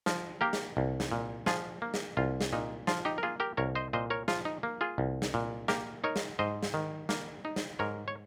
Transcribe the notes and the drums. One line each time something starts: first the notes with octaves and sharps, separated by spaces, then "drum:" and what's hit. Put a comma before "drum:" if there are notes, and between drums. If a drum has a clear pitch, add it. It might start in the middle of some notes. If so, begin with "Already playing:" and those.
F3, drum: snare
A#3 G4 A#4
drum: snare
C2
drum: snare
A#2
F3 F4 G#4, drum: snare
A#3
drum: snare
C2 F4
drum: snare
A#2 D#4
F3 F4, drum: snare
D#4 G4
A#4
A#3 F4 G#4
G4 A#4
C2 A#4 C#5
C5 D#5
A#2 C5 D#5
A#4 C#5
F3 F4, drum: snare
D#4
A#3
F4 G#4
C2
drum: snare
A#2
A#3 G4 A#4, drum: snare
D#4 A#4 C#5
drum: snare
G#2 C5 D#5
drum: snare
D#3
A#3, drum: snare
D#4
drum: snare
G#2 A#4 C#5
C#5